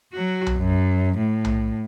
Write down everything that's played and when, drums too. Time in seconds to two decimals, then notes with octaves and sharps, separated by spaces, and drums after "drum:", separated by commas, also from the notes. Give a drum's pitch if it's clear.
0.13 F#3 F#4
0.46 drum: tom B1
0.57 F#2
1.17 A2
1.45 drum: tom B1